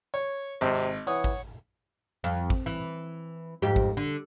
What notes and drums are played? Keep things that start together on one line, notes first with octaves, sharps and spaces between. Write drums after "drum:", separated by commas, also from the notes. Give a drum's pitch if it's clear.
C#5
G#1 C3
E3 C#5 F#5 D#6
drum: kick G#1
F2
drum: kick G#1
E3
F2 G#2 G4
drum: kick G#1
D3